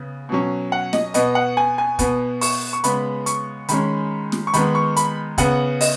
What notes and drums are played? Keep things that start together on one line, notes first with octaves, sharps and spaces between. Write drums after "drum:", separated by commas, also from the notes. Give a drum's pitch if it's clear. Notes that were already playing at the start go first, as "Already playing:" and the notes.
Already playing: C#3 B3
B2 F#3 C#4
F#5
D#5, drum: snare
B2 B3 D#5, drum: hi-hat
F#5
G#5
G#5
B2 B3, drum: kick, hi-hat
C#6, drum: open hi-hat
C#6
C#3 G#3 B3 B5, drum: hi-hat
C#6, drum: hi-hat
D#3 G#3 C#4 B5, drum: hi-hat
drum: snare
C#6
D#3 G#3 B3 B5, drum: hi-hat
C#6
B5, drum: hi-hat
C#3 B3 F#5, drum: kick, hi-hat
D#5, drum: open hi-hat